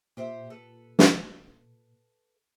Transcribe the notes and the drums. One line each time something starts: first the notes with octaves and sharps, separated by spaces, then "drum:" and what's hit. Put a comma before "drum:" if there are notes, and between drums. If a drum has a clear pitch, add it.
A#2 G4 C5 E5
A4 B4
drum: snare